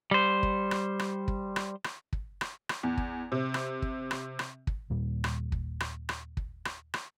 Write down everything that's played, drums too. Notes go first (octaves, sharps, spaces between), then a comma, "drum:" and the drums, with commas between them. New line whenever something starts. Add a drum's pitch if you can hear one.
G3 C5
drum: kick
drum: rim click
drum: rim click
drum: kick
drum: rim click
drum: rim click
drum: kick
drum: rim click
drum: rim click
E2
drum: kick
C3
drum: rim click
drum: kick
drum: rim click
drum: rim click
drum: kick
D#2 A#2 G3
drum: rim click
drum: kick
drum: rim click
drum: rim click
drum: kick
drum: rim click
drum: rim click